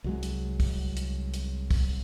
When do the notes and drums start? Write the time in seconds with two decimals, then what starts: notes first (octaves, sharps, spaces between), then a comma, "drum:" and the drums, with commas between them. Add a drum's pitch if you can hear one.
0.04 C2 F#3 G#3
0.23 drum: hi-hat
0.60 drum: kick, open hi-hat
0.97 drum: hi-hat
1.34 drum: hi-hat
1.71 drum: kick, open hi-hat